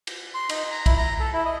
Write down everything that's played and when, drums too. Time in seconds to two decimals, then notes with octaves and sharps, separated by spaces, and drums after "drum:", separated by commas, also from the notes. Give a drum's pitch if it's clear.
0.07 drum: cymbal
0.34 C6
0.49 D#4, drum: cymbal
0.71 A#5
0.86 E4, drum: kick, cymbal
0.98 A#5
1.20 A4
1.33 E4
1.45 D#5